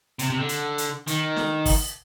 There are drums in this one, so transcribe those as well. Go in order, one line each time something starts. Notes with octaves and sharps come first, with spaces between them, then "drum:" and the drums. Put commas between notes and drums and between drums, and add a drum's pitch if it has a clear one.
C3, drum: hi-hat
C3
D3
drum: hi-hat
drum: hi-hat
D#3, drum: hi-hat
drum: snare
drum: kick, open hi-hat